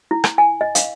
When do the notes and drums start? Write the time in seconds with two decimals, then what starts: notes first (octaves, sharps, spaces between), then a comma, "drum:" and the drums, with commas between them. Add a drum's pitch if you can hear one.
0.11 E4
0.24 drum: rim click
0.38 G#5
0.61 D#5
0.75 F5, drum: hi-hat